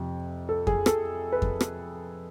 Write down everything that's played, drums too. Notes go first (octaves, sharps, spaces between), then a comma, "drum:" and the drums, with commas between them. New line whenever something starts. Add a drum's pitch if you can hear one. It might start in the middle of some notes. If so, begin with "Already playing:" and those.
Already playing: F2 C3
A4
G#4, drum: kick F2
A4, drum: rim click
B4
drum: kick F2
drum: rim click